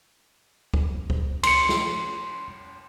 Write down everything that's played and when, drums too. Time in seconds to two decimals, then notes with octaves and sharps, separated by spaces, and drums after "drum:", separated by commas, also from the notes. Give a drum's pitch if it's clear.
0.74 drum: kick C#2
1.10 drum: kick C#2
1.43 C6 C#7, drum: cymbal
1.69 drum: snare